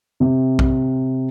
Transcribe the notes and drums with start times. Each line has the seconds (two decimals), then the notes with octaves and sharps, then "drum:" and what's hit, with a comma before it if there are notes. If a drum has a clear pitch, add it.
0.20 C3
0.59 drum: kick B1